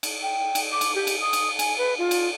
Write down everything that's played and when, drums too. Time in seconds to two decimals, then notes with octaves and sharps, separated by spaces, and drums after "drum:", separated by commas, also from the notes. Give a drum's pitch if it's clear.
0.03 drum: cymbal
0.23 G5
0.55 drum: cymbal
0.72 D6
0.81 drum: cymbal
0.95 G4
1.07 drum: cymbal
1.21 D#6
1.33 drum: cymbal
1.59 G#5, drum: cymbal
1.78 B4
1.98 F4
2.11 drum: cymbal